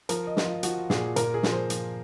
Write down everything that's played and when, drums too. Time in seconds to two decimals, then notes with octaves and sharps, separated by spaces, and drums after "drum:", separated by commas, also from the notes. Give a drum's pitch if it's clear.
0.09 F3 A#4, drum: hi-hat
0.27 D#5
0.37 F3, drum: snare
0.45 F4
0.63 F3 F#4, drum: hi-hat
0.90 A#2 G#4, drum: snare
1.16 A#2 A#4, drum: hi-hat
1.34 G#4
1.43 F3, drum: snare
1.52 C5
1.70 F3, drum: hi-hat